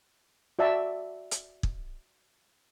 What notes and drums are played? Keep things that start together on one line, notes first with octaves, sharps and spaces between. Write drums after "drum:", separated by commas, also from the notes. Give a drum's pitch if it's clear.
F#4 D5 E5 A5
drum: hi-hat
drum: kick